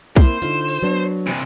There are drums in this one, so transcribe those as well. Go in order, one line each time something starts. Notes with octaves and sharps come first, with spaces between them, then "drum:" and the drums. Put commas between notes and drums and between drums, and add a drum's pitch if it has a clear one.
A#3 C4 E4 C5, drum: kick
D3 D#4 F4, drum: hi-hat
drum: open hi-hat
F#3 B3 D4
C3 E3